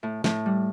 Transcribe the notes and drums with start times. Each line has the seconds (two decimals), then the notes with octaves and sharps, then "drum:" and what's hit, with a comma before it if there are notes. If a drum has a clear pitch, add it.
0.03 A2
0.24 A2, drum: snare
0.46 G3